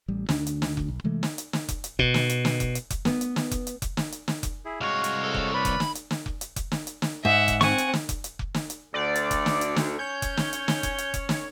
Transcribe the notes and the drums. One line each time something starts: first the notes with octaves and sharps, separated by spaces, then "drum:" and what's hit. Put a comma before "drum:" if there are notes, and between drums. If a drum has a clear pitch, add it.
A1 G3
D2 D3 D4, drum: snare
drum: hi-hat
drum: snare
drum: kick F1
B1
C3 E3 G#3 A3
drum: snare
drum: hi-hat
drum: snare
drum: kick F1, hi-hat
drum: hi-hat
B2, drum: kick F1
drum: snare
drum: hi-hat
drum: snare
drum: kick F1, hi-hat
drum: hi-hat
drum: kick F1, hi-hat
B3, drum: snare
drum: hi-hat
drum: snare
drum: kick F1, hi-hat
drum: hi-hat
drum: kick F1, hi-hat
drum: snare
drum: hi-hat
drum: snare
drum: kick F1, hi-hat
E4 G#4
C2 G#3 F#4 C#5 F5
drum: hi-hat
A4
drum: kick F1
B4 D5 B5 F6
drum: kick F1, hi-hat
drum: snare
drum: hi-hat
drum: snare
drum: kick F1
drum: hi-hat
drum: kick F1, hi-hat
drum: snare
drum: hi-hat
drum: snare
G#2 E5 F#5
drum: kick F1, hi-hat
C4 F#5 G#5 C#6, drum: snare
drum: hi-hat
drum: snare
drum: kick F1, hi-hat
drum: hi-hat
drum: kick F1
drum: snare
drum: hi-hat
D2 D5
drum: hi-hat
drum: kick F1, hi-hat
drum: snare
drum: hi-hat
drum: snare
C#4 C#5 G6
drum: kick F1, hi-hat
drum: snare
drum: hi-hat
drum: snare
drum: kick F1, hi-hat
drum: hi-hat
drum: kick F1, hi-hat
drum: snare